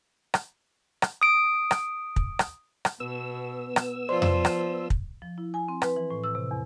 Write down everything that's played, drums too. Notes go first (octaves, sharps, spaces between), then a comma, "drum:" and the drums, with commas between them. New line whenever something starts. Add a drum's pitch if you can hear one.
drum: rim click
drum: rim click
D#6 D7
drum: rim click
drum: kick
drum: rim click
drum: rim click
B2 B3 E6
drum: rim click
F3 F4 C5 D5 C6
drum: tom F2
drum: rim click
drum: kick
F3
E4
G#5
C4
B4, drum: rim click
E3
A2
E6
C3
E2